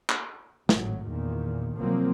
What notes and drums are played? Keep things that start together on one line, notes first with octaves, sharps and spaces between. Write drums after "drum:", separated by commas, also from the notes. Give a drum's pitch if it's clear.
drum: clap
G#1 A2 F#3, drum: snare
E2 A#2 D#3
C2 F3 F#3 A#3 C4